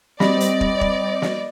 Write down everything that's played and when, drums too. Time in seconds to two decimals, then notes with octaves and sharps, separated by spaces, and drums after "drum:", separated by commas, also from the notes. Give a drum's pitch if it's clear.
0.20 G3 C4 D5 D#5 B5 A#6, drum: snare
0.40 drum: hi-hat
0.61 drum: kick
0.81 drum: kick
1.22 drum: snare